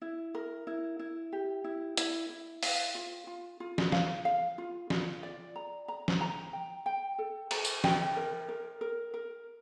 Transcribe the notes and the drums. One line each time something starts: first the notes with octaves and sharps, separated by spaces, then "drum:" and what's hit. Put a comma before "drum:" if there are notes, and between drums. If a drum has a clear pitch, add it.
E4
A#4
E4
E4
G4
E4
E4, drum: hi-hat
E4
F5, drum: open hi-hat
F4
F4
F4
drum: snare
F5, drum: snare
F5
F4
F4, drum: snare
D5
A#5
A#5
drum: snare
A#5
G5
G5
A4
A#5, drum: cymbal
drum: tambourine
G5, drum: snare
A#4
A#4
A#4
A#4